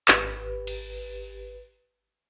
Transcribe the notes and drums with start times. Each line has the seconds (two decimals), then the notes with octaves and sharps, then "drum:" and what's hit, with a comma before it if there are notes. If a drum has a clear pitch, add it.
0.08 G#1 G4 B4, drum: clap
0.67 drum: cymbal